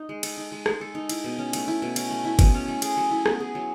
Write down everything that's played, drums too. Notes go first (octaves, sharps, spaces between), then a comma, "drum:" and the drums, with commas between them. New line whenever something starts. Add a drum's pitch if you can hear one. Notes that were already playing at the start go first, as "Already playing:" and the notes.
Already playing: D#4
G#3
A4, drum: cymbal
D#4
G#3
G#3, drum: rim click
A4
D#4
E4, drum: cymbal
B2
C#4
A3, drum: cymbal
E4
B2
C#4, drum: cymbal
A3
E4
B2, drum: kick G1, cymbal
C#4
A3
G#4, drum: cymbal
F#3
E4
B3, drum: rim click
G#4
F#3